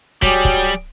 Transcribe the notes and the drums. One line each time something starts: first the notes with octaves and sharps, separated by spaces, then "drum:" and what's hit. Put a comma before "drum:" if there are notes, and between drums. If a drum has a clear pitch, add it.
F#3 G3 G4 G#4 D6, drum: kick
drum: kick